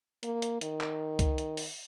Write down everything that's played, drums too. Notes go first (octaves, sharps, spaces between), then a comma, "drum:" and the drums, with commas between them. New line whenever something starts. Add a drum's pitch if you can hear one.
A#3, drum: hi-hat
drum: hi-hat
D#3, drum: hi-hat
drum: clap
drum: kick, hi-hat
drum: hi-hat
drum: open hi-hat